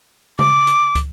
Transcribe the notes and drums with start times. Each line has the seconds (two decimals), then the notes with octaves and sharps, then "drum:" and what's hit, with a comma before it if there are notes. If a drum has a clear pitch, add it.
0.39 D6, drum: tom C#3
0.67 drum: hi-hat
0.95 drum: kick, hi-hat